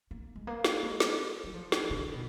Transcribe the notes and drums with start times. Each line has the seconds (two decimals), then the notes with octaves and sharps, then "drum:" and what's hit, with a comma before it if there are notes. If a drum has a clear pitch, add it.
0.11 A#3
0.36 G#3
0.47 A#3
0.64 drum: snare
0.83 G#3
1.00 drum: snare
1.44 F#3
1.54 F3
1.72 drum: snare
1.91 D3
2.14 B2